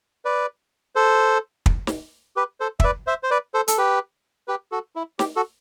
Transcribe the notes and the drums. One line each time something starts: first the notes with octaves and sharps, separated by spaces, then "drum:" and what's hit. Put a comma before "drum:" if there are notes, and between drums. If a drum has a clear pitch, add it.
B4 D5
A4 C5
drum: kick
drum: snare
G4 B4
A4 C5
E5, drum: kick
B4 D5
C5 E5
C5
B4 D5
A4 C5
A4, drum: hi-hat
G4 B4
G4 B4
F#4 A4
E4
G4, drum: snare
F#4 A4